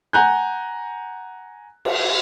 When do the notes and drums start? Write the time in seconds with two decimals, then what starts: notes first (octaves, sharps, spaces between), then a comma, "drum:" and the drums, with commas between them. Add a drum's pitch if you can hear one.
0.13 F#5 G#5 A#5 F#6 G6
1.85 drum: cymbal